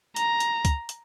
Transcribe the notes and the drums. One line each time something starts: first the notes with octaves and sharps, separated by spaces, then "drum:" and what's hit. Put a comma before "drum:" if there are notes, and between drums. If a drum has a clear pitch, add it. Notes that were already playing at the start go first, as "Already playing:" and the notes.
A#5, drum: hi-hat
drum: hi-hat
drum: kick C#2, hi-hat
drum: hi-hat